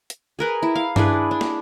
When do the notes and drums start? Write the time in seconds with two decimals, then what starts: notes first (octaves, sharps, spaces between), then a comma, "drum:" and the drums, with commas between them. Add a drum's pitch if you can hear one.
0.10 drum: hi-hat
0.39 G#4 A#4 B4
0.63 E4
0.75 F5
0.96 D4 E4 G#4 B4, drum: tom G2
1.31 D4
1.41 drum: snare